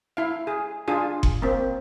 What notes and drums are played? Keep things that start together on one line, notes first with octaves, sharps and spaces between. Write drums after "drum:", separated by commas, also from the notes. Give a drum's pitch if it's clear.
E4 F5
G#4
D4 F4 G#4
drum: kick F#1
A#3 C4